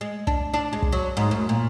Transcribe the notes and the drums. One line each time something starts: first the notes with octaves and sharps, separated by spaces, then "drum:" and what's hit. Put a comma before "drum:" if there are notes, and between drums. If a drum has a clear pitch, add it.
G#3
D4, drum: kick
D4
G#3
drum: kick
F#3
G#2
F#2
A#2